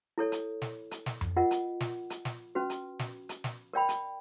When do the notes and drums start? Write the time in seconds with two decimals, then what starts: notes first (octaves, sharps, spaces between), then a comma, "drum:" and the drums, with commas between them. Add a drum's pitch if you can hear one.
0.18 E4 A4 C#5
0.32 drum: hi-hat
0.62 drum: snare
0.91 drum: hi-hat
1.06 drum: snare
1.21 drum: tom F2
1.36 F4 A#4 D#5 F#5
1.51 drum: hi-hat
1.80 drum: snare
2.10 drum: hi-hat
2.25 drum: snare
2.55 C#4 F#4 B4
2.70 drum: hi-hat
2.99 drum: snare
3.29 drum: hi-hat
3.44 drum: snare
3.73 A#4 D5 G5 B5
3.89 drum: hi-hat